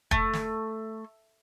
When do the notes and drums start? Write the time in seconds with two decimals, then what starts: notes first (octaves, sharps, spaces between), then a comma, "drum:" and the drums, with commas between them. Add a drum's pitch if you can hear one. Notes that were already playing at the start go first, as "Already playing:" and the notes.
0.11 A3, drum: kick
0.33 drum: snare